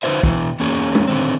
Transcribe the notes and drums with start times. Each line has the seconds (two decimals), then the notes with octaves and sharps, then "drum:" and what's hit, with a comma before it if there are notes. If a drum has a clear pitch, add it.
0.03 D3 D#4 B4 C5 E5
0.23 B2 E3, drum: kick
0.60 E2 A#3 C#4 G#4
0.95 drum: tom G#3
1.08 D3 D#3 C4